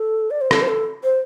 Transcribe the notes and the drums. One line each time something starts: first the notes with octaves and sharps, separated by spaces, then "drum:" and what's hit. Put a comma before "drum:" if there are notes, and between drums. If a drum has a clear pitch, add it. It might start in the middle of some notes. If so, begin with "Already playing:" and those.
Already playing: A4
D5
C5
A4, drum: rim click
C5
A4
C5